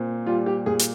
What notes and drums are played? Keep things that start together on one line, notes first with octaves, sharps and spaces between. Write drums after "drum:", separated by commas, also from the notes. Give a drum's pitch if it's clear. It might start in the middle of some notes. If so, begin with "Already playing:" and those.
Already playing: A#2 C4
G3 F4
G4
A#2 G#4
drum: hi-hat